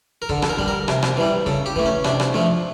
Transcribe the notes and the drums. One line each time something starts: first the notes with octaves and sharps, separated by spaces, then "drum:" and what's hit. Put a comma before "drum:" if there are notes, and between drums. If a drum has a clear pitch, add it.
A#4
D3 A4, drum: kick
A4, drum: rim click
A#4
G3, drum: kick
A#4
C3, drum: rim click
drum: rim click
E3 G3
C#3 A4, drum: kick
G4
E3 A3, drum: kick
C#4
C3 D4, drum: rim click
drum: rim click
F3 A3